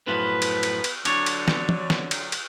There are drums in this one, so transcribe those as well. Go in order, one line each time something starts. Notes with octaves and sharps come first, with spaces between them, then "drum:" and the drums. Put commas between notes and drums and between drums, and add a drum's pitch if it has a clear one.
F#2 A2 F3 B3 B4
drum: cymbal
drum: cymbal
drum: cymbal
D3 F#3 D4 C#5, drum: cymbal
drum: cymbal
drum: snare
drum: tom
drum: snare
drum: cymbal
drum: cymbal